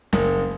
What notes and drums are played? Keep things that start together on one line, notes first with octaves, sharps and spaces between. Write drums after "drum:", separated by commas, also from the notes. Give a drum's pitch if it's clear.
F#1, drum: snare